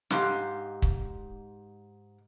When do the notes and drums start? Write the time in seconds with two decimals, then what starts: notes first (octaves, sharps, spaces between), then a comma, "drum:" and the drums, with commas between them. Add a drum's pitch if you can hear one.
0.10 G#2 G#3 D#4 G4 F5, drum: snare
0.82 drum: kick